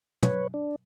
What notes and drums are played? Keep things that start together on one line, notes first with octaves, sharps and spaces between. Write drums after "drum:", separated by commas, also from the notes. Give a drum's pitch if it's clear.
B4 C#5, drum: tom
D4